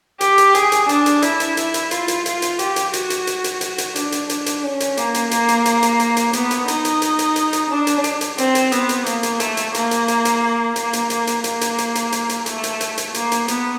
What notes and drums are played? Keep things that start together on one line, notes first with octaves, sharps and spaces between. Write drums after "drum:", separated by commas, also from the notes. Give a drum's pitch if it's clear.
G4, drum: hi-hat
drum: hi-hat
G#4, drum: hi-hat
drum: hi-hat
D4, drum: hi-hat
drum: hi-hat
E4, drum: hi-hat
drum: hi-hat
E4, drum: hi-hat
drum: hi-hat
F4, drum: hi-hat
drum: hi-hat
F4, drum: hi-hat
drum: hi-hat
G4, drum: hi-hat
drum: hi-hat
F#4, drum: hi-hat
drum: hi-hat
drum: hi-hat
drum: hi-hat
F#4, drum: hi-hat
drum: hi-hat
D4, drum: hi-hat
drum: hi-hat
D4, drum: hi-hat
drum: hi-hat
C#4
drum: hi-hat
A#3, drum: hi-hat
drum: hi-hat
A#3, drum: hi-hat
drum: hi-hat
drum: hi-hat
drum: hi-hat
drum: hi-hat
drum: hi-hat
B3, drum: hi-hat
drum: hi-hat
D#4, drum: hi-hat
drum: hi-hat
drum: hi-hat
drum: hi-hat
drum: hi-hat
drum: hi-hat
D4
drum: hi-hat
drum: hi-hat
drum: hi-hat
C4, drum: hi-hat
drum: hi-hat
B3, drum: hi-hat
drum: hi-hat
A#3, drum: hi-hat
drum: hi-hat
A3, drum: hi-hat
drum: hi-hat
A#3, drum: hi-hat
drum: hi-hat
drum: hi-hat
drum: hi-hat
A#3, drum: hi-hat
drum: hi-hat
A#3, drum: hi-hat
drum: hi-hat
A#3, drum: hi-hat
drum: hi-hat
drum: hi-hat
drum: hi-hat
drum: hi-hat
drum: hi-hat
A3, drum: hi-hat
drum: hi-hat
drum: hi-hat
drum: hi-hat
A#3, drum: hi-hat
drum: hi-hat
B3, drum: hi-hat